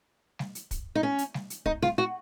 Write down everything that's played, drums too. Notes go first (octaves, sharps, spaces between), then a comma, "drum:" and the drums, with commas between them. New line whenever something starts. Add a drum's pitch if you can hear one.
drum: snare G3
drum: hi-hat
drum: kick, hi-hat
D#4
C#4
drum: hi-hat
drum: snare G3
drum: hi-hat
D#4, drum: kick
F4, drum: snare G3
F#4